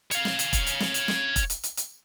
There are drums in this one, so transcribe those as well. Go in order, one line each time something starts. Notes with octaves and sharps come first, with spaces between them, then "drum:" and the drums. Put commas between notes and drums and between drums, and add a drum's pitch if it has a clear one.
C#5 F5, drum: hi-hat
drum: snare
drum: hi-hat
drum: kick E1, hi-hat
drum: hi-hat
drum: snare
drum: hi-hat
drum: snare
drum: kick E1, hi-hat
drum: hi-hat
drum: hi-hat
drum: hi-hat